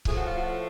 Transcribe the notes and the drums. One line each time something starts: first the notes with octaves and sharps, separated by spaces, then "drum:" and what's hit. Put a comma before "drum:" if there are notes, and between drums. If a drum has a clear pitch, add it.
A2 F3 A3 G#4, drum: kick C#1
F#4
F4
F#4